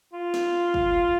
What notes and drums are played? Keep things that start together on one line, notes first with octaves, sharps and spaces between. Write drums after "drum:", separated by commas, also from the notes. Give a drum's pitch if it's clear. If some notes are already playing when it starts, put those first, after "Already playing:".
F4
drum: snare
drum: kick